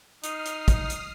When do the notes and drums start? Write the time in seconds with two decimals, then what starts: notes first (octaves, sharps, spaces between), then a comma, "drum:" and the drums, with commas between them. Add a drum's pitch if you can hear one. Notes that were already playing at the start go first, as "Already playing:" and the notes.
0.24 D#4 D#6 F6 C7, drum: hi-hat
0.46 drum: hi-hat
0.68 drum: kick, hi-hat
0.90 drum: hi-hat